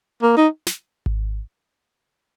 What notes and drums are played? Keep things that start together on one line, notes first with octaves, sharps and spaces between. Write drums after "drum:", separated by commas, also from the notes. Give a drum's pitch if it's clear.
A#3
D#4
drum: snare
drum: kick G#1